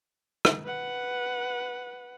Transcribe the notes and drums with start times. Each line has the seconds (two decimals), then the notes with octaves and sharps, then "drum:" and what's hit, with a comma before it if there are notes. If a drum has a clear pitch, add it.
0.45 drum: rim click
0.64 B4 F#5